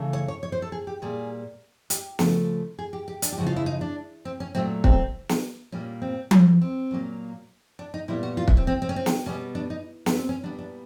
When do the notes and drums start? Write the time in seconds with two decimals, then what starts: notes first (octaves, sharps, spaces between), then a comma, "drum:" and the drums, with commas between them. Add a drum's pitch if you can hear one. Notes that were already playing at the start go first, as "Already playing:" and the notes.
Already playing: C#3 E3 A3
0.13 C#5
0.28 C#5
0.43 C#5
0.52 C5
0.62 A4
0.72 G#4
0.87 G4
1.02 A#2 G3 A#3 G#4
1.90 G4, drum: hi-hat
2.19 C#3 F3 A3 F#4, drum: snare
2.79 G#4
2.93 G4
3.08 G4
3.22 D4, drum: hi-hat
3.32 G4
3.37 C#3 F3 G#3 F#4
3.47 F4
3.56 E4
3.66 D#4
3.81 D4
4.25 C4
4.40 C#4
4.55 A#2 F#3 A3 C4
4.84 C4, drum: kick
5.29 drum: snare
5.72 A#2 G3 A#3 C#4
6.02 C4
6.31 drum: tom F3
6.61 C4
6.91 A#2 F#3 A#3
7.79 D4
7.94 D#4
8.08 A#2 G3 B3 E4
8.23 F#4
8.37 F4
8.48 E4, drum: kick
8.57 C4
8.67 C4
8.82 C4
8.89 C#4
8.96 C4
9.06 drum: snare
9.26 B2 G3 B3 C#4
9.55 D4
9.70 D#4
10.06 B3, drum: snare
10.17 C4
10.29 C#4
10.43 A#2 G3 B3 D4
10.59 D4